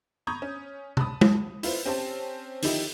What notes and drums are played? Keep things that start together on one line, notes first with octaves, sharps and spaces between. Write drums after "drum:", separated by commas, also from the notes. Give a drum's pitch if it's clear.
A#5 B5 C#6 D#6 G6 G#6
C#4
A5 B5 D#6, drum: tom C3
drum: tom G#3
E4 F4 B4 C5, drum: open hi-hat
C4 C#4 G4 C5 A5
D#3 F3 D#4 E4 G4, drum: open hi-hat